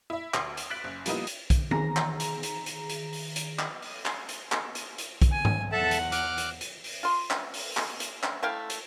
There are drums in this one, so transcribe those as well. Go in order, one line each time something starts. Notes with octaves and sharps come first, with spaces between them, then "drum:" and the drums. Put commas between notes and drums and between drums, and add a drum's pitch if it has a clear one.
E4 E5
D2, drum: clap
drum: hi-hat
F#6 A6 B6 D7 F#7
F#1
F3 G3 A#3 B3 D#4 E4, drum: hi-hat
drum: hi-hat
drum: kick B1, hi-hat
D#3 G#4 A#5 A#6, drum: tom E3
drum: clap
drum: hi-hat
drum: hi-hat
drum: hi-hat
drum: hi-hat
drum: open hi-hat
drum: hi-hat
drum: clap
drum: open hi-hat
drum: clap
drum: hi-hat
drum: clap
drum: hi-hat
drum: hi-hat
drum: kick B1, hi-hat
G#5
drum: tom G#2
E2 A4 E5 F#5 A5
drum: hi-hat
D6 F6 F#6, drum: hi-hat
drum: hi-hat
drum: hi-hat
drum: open hi-hat
F4 C6
drum: clap
drum: open hi-hat
drum: clap
drum: hi-hat
drum: clap
A3 E4 F5 G5
drum: hi-hat